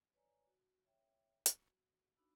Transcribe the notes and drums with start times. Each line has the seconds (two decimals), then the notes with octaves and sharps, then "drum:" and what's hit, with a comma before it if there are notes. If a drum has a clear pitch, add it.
0.14 B4 C#5 D5 G#5 A#5
0.46 F#4
0.85 C#5 E5 G5
1.46 F#4, drum: hi-hat
2.17 D4 D#4 F#4 B5 E6